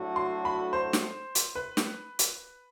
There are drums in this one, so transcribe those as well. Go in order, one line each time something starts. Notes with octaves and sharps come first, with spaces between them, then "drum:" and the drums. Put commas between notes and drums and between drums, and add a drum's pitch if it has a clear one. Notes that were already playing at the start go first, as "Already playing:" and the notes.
Already playing: A2 F#3 A3 D4 F#4
C6
B5
C5
drum: snare
drum: hi-hat
B4
drum: snare
drum: hi-hat